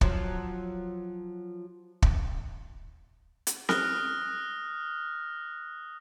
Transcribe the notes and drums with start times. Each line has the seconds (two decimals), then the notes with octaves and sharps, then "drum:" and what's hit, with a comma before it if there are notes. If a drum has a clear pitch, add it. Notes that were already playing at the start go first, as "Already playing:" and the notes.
0.01 F3 F#3, drum: kick
2.02 drum: kick
3.47 drum: hi-hat
3.69 D#6 F6 F#6 A#6, drum: snare C4